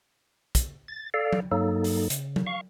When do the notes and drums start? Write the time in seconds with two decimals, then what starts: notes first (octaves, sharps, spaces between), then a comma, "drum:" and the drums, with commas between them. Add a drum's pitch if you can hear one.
0.55 drum: kick, hi-hat
0.88 A6
1.14 A4 D5 F5
1.33 drum: tom F#3
1.52 G2 F#3 A#3 D#4 A4
1.84 drum: open hi-hat
2.10 C#3, drum: hi-hat
2.36 drum: tom F#3
2.47 F5 C#6